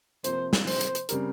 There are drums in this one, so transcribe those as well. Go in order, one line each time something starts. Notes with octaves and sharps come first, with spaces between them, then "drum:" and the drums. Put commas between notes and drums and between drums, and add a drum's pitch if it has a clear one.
C3 F3 A#3 C5, drum: hi-hat
drum: snare
C5, drum: open hi-hat
drum: hi-hat
drum: hi-hat
C#3 G3 C4 G4 A#4, drum: hi-hat